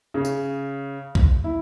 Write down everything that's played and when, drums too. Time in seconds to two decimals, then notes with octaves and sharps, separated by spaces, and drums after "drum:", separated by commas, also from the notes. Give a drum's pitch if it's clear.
0.14 C#3
0.25 drum: tambourine
1.15 drum: kick B1
1.44 E4